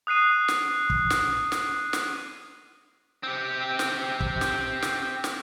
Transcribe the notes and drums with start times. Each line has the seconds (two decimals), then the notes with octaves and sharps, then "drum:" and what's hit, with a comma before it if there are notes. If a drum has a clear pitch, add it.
0.07 D#6 F#6 C7 D#7
0.48 drum: snare
0.90 drum: kick
1.10 drum: snare
1.52 drum: snare
1.93 drum: snare
3.23 C4 G4
3.79 drum: snare
4.20 drum: kick
4.41 drum: snare
4.82 drum: snare
5.24 drum: snare